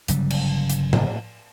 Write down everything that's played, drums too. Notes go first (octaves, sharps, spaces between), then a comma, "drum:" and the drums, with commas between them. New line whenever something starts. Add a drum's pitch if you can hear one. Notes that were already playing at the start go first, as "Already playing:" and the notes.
G1 C#3 F#3 G3, drum: hi-hat
drum: cymbal
drum: hi-hat
drum: tom A2